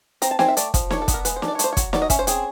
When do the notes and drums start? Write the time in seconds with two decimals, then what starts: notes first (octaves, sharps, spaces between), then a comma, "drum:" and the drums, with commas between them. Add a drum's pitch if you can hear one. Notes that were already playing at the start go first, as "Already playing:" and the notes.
0.22 C4 A#5, drum: hi-hat
0.31 A5
0.39 C4 G#5, drum: snare
0.48 E5
0.57 A3 D5, drum: hi-hat
0.74 F3, drum: kick, hi-hat
0.91 D4 C#5, drum: snare
1.02 A4
1.08 B3, drum: kick, hi-hat
1.14 A#4
1.25 G#3 B4, drum: hi-hat
1.36 C5
1.42 D4, drum: snare
1.48 D5
1.55 C#5
1.59 A3, drum: hi-hat
1.64 C5
1.73 C#5
1.77 F#3, drum: kick, hi-hat
1.93 F#3 D5, drum: snare
2.02 D#5
2.10 C#4 E5, drum: kick, hi-hat
2.19 C5
2.27 C4 G#4, drum: hi-hat